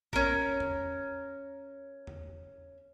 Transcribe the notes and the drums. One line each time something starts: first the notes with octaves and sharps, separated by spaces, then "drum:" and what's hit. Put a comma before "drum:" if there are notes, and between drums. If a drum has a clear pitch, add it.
C#4 A#4, drum: kick A1
drum: tom E2
drum: tom E2